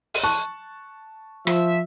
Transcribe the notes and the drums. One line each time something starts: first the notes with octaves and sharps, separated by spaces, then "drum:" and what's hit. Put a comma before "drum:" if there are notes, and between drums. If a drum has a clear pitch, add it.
drum: open hi-hat
A5 C#6 F#6
F3 E5, drum: rim click